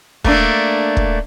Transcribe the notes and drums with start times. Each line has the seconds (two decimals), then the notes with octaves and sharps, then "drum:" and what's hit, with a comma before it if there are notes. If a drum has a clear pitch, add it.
0.24 A3 A#3 D4, drum: kick
0.97 drum: kick